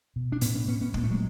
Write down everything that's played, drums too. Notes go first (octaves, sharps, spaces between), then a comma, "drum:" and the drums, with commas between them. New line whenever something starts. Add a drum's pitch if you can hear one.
B2
D4
A2 B3 C#4, drum: hi-hat
B3 C#4
A2 B3 C#4
B3 C#4
A#2 G#3, drum: kick
A3
F#3 G#3